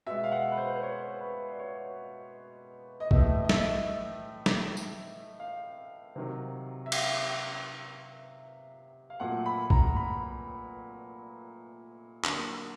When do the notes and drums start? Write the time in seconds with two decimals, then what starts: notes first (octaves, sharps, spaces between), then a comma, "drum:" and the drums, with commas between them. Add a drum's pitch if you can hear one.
0.06 B2 G#3 E5
0.24 F5
0.31 F#5
0.51 B4
0.58 C5
0.76 C5
0.82 C#5
1.21 B4
1.50 D5
1.59 C#5
3.00 D#5
3.11 A2 E3 A3 E5, drum: kick A#1
3.44 D#5
3.49 E5, drum: snare
4.46 drum: snare
4.77 drum: tambourine
5.39 F5
6.16 C3 D#3 F#3
6.86 E5
6.92 F5, drum: cymbal
9.10 F5
9.20 A#2 F#3 A3 F#5
9.46 B5
9.70 A#5, drum: kick A#1
9.96 B5
12.25 D3 F#3 A#3, drum: clap